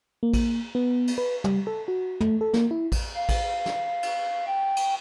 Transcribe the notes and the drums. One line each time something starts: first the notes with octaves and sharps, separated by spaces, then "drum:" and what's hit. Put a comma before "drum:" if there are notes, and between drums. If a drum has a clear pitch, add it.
A#3
drum: kick A1, cymbal
B3
drum: cymbal
B4
G3, drum: tom
A4
F#4
A3, drum: tom
A4
A#3, drum: snare
E4
drum: kick A1, cymbal
F5
drum: kick A1, cymbal
drum: snare
drum: cymbal
G5
drum: cymbal